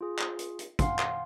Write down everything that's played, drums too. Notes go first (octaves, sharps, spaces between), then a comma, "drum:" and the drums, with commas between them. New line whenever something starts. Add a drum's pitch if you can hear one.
F4 G#4
drum: clap
drum: hi-hat
drum: hi-hat
F5 F#5 G#5 C6, drum: kick, hi-hat
drum: clap